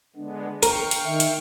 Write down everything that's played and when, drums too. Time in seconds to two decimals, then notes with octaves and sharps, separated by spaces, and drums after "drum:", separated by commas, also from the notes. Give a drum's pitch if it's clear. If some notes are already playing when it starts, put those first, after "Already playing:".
0.16 D3 G#3 B3 D4
0.63 A#4 F5 G5 C#6, drum: hi-hat
0.91 drum: hi-hat
1.05 D#3 E5
1.20 drum: hi-hat